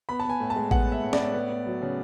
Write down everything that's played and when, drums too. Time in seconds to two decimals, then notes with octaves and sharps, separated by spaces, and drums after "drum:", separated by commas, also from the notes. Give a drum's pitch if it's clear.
0.09 B3 B5
0.20 A5
0.25 B3 G#5
0.40 A2
0.50 A5
0.56 G#3
0.71 B3 F#5, drum: kick A1
0.87 B3 E5
1.03 A2
1.13 D5, drum: snare
1.19 A2
1.34 B3
1.50 B3
1.66 F#3
1.82 C#3